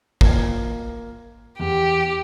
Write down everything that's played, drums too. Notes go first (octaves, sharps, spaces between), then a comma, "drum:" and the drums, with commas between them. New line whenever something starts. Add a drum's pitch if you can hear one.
A#3 F4 G#6, drum: kick
E2 G4